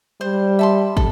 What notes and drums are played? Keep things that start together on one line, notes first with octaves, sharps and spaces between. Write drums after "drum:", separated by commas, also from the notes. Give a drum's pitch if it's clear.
G3 C5
E5 A5 C6
A4, drum: kick